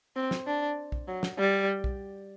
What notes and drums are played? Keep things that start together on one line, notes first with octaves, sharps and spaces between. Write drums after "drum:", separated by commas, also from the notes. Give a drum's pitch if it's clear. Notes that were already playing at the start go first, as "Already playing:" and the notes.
C4
drum: snare
D4
drum: kick
F#3
drum: snare
G3
drum: kick